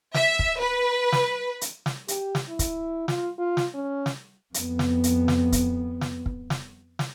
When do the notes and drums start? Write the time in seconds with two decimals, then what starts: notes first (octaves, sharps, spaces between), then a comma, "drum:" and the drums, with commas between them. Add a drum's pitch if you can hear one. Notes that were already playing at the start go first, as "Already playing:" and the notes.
0.14 E5, drum: snare
0.39 drum: kick
0.58 B4
1.12 drum: snare
1.61 drum: hi-hat
1.86 drum: snare
2.08 G4, drum: hi-hat
2.35 drum: snare
2.48 E4
2.59 drum: kick, hi-hat
3.08 F4, drum: snare
3.39 F4
3.57 drum: snare
3.74 C#4
4.06 drum: snare
4.54 F2 B3, drum: hi-hat
4.79 drum: snare
5.04 drum: hi-hat
5.28 drum: snare
5.52 drum: kick, hi-hat
6.01 drum: snare
6.26 drum: kick
6.50 drum: snare
6.99 drum: snare